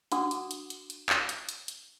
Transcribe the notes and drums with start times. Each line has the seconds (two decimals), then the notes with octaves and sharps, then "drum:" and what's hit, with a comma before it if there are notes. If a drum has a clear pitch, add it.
0.12 D4 F#4 F#5 C6 D6 D#6, drum: hi-hat
0.31 drum: hi-hat
0.51 drum: hi-hat
0.70 drum: hi-hat
0.90 drum: hi-hat
1.09 drum: clap
1.29 drum: hi-hat
1.49 drum: hi-hat
1.68 drum: hi-hat